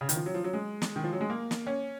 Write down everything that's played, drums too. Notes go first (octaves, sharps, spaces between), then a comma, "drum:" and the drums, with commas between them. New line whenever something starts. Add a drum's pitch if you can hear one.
C#3
D#3, drum: hi-hat
F3
F#3
F3
F#3
G#3
drum: snare
D#3
F3
F#3
G#3
A#3
drum: snare
C#4